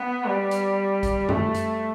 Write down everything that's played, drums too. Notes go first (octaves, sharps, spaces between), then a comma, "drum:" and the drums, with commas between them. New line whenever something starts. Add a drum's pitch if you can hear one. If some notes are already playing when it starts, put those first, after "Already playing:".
Already playing: B3
G3
drum: hi-hat
drum: kick, hi-hat
A3, drum: tom F#2
drum: hi-hat